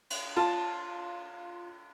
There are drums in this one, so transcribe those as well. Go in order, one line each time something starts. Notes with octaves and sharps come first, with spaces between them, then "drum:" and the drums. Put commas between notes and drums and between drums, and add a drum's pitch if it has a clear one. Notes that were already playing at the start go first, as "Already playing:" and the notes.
drum: cymbal
F4 A5